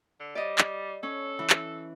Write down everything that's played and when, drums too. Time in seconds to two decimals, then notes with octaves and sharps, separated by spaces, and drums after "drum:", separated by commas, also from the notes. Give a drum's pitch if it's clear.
0.20 D3
0.35 G3 D5 D#5
0.58 drum: clap
1.03 C#4 A4
1.39 E3
1.50 drum: clap